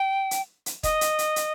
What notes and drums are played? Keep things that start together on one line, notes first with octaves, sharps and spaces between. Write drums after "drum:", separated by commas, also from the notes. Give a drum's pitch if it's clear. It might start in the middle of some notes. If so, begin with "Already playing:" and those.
Already playing: G5
drum: hi-hat
drum: hi-hat
D#5, drum: kick E1, hi-hat
drum: hi-hat
drum: hi-hat
drum: hi-hat